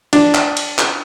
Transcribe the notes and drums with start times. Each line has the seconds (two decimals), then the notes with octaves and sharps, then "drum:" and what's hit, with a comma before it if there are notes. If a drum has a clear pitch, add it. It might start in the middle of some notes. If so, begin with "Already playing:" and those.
0.13 D4, drum: cymbal
0.35 drum: clap
0.57 drum: cymbal
0.79 drum: clap